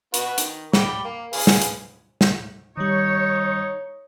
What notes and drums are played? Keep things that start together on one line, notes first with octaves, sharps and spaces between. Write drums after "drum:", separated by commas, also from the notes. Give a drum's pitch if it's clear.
B3 F#4 B4, drum: hi-hat
D#3, drum: hi-hat
G5 B5 D6, drum: snare
A#3
G#4 B4 F5, drum: open hi-hat
drum: snare
drum: hi-hat
drum: snare
D#3 G3 D#4 C#5